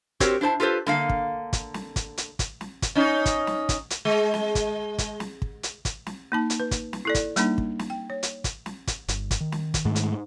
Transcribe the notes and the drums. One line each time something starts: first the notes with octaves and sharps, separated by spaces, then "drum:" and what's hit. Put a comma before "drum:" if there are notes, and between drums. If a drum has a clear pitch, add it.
C4 F#4 G4 A#4 C5 C#5, drum: kick, hi-hat
D4 E4 C5 A5
F4 G4 A4 B4 C5
D3 A#3 F5, drum: snare
drum: kick
drum: kick, hi-hat
drum: snare
drum: kick, hi-hat
drum: hi-hat
drum: kick, hi-hat
drum: snare
drum: kick, hi-hat
C#4 D#4
drum: kick, hi-hat
drum: snare
drum: kick, hi-hat
drum: hi-hat
G#3
drum: snare
drum: kick, hi-hat
drum: kick, hi-hat
drum: snare
drum: kick
drum: hi-hat
drum: kick, hi-hat
drum: snare
A#3 D#4 A5
drum: hi-hat
B4
drum: kick, hi-hat
drum: snare
E4 A4 D5
drum: kick, hi-hat
G3 A#3 D4 D#4, drum: hi-hat
drum: kick
drum: snare
G5
C#5
drum: hi-hat
drum: kick, hi-hat
drum: snare
drum: kick, hi-hat
G1, drum: hi-hat
drum: kick, hi-hat
D#3
drum: snare
drum: kick, hi-hat
G#2 G#3 A3
drum: hi-hat